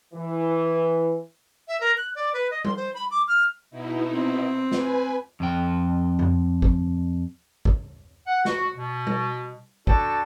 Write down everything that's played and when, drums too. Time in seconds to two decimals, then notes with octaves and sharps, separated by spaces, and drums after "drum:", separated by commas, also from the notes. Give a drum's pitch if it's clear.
0.14 E3
1.68 E5
1.81 A#4
1.98 F#6
2.15 D5
2.34 B4
2.51 D#5
2.65 C6, drum: tom G3
2.77 C5
2.94 B5
3.11 D6
3.28 F6
3.71 B2 D#4 E4
4.12 C4
4.72 B4 G#5, drum: snare
5.40 F2 G5
6.19 drum: tom F2
6.62 drum: kick
7.65 drum: kick
8.27 F#5
8.45 F#4, drum: snare
8.76 B2
9.07 drum: tom G3
9.87 D4 F#4 A4 D5 G5 A5, drum: kick